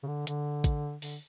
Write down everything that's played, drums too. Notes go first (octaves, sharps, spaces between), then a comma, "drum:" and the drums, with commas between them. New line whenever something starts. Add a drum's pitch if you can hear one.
C#3
D3
D3, drum: hi-hat
drum: kick A1, hi-hat
D3, drum: open hi-hat